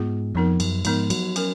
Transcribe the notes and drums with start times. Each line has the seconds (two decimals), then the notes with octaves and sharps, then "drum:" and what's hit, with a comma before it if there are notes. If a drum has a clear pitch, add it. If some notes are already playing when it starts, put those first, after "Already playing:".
Already playing: G#2 B3 F4 G#4
0.35 F2 F3 B3 D#4 A#4
0.60 F#2, drum: cymbal
0.85 G#2 F3 B3 D#4 A#4, drum: cymbal
1.10 F#3, drum: cymbal
1.36 C#4 F#4 A#4, drum: cymbal